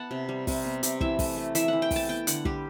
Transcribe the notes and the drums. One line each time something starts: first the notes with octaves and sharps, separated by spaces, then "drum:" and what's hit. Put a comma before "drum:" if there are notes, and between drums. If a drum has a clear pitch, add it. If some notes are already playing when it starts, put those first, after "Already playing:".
Already playing: B3 F#5 A5
C3
G3
C3, drum: kick, open hi-hat
B3
C3, drum: hi-hat
E3 E5, drum: kick
A3, drum: kick, open hi-hat
A3
E3 E5, drum: hi-hat
E3 F#5
G5
A3, drum: kick, open hi-hat
A5
B3 G5
D3 F#5, drum: hi-hat
G3 G4, drum: kick